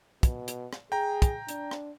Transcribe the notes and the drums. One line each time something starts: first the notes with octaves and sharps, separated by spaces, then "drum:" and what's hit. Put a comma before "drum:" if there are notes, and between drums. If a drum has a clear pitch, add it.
B2, drum: kick, hi-hat
drum: hi-hat
drum: rim click
G#4 G5 A#5
drum: kick, hi-hat
D4, drum: hi-hat
drum: rim click